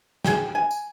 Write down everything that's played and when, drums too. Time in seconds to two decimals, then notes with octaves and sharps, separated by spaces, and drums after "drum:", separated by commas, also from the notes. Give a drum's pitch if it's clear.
0.25 G#4 G5, drum: snare
0.55 G#5
0.71 drum: tambourine